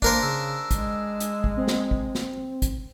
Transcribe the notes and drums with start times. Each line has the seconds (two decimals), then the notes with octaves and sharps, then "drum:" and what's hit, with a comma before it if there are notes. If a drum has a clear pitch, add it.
0.02 A#3 D4 A#4 C5, drum: kick G#1
0.22 C#3 E6
0.71 G#3, drum: kick G#1, hi-hat
1.20 drum: hi-hat
1.44 drum: kick G#1
1.57 C4
1.68 drum: snare
1.91 drum: kick G#1
2.15 drum: snare
2.62 drum: kick G#1, hi-hat